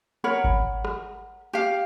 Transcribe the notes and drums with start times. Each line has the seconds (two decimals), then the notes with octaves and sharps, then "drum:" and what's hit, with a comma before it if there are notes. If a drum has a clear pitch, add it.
0.24 A#4 C#5 F#5 B5
0.44 drum: kick G#1
0.85 drum: rim click
1.53 G4 F5